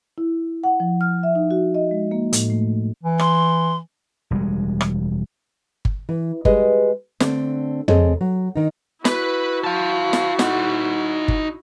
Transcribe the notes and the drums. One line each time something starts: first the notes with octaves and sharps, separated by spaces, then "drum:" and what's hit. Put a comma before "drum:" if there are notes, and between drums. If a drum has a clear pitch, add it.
E4
F#5
F3
F6
E5
D#4
F#4
D#5
G#3
A#3
A2, drum: hi-hat
A3
E3
C6, drum: rim click
E1 G3 G#3
drum: rim click
drum: kick G1
E3
G3 G#3 B4 D#5, drum: kick G1
D3 A3 C4 D4, drum: snare
C4 G#4 A4 C5 C#5 D#5, drum: tom
F#3
D#3 D#4
E4 F#4 B4 B5, drum: snare
F5 A5
drum: snare
D#4 F#5, drum: snare
drum: kick G1